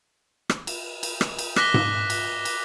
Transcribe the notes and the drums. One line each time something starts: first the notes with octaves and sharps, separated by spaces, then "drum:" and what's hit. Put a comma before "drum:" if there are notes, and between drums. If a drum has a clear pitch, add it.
drum: rim click
drum: cymbal
drum: cymbal
drum: rim click
drum: cymbal
D6 F#6 A#6 B6 G7, drum: rim click
drum: tom G#2
drum: cymbal
drum: cymbal